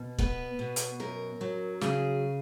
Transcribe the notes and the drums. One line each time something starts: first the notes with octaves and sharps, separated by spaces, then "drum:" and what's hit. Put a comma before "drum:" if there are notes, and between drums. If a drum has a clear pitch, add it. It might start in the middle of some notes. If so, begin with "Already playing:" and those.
Already playing: B2
B3 B4, drum: kick
B2
drum: hi-hat
F#2 A#4
F#3
C#3 G#4, drum: snare